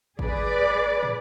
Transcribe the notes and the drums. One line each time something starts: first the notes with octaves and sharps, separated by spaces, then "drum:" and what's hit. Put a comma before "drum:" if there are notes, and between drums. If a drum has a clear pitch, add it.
G#4 B4 D5, drum: kick G#1
drum: tom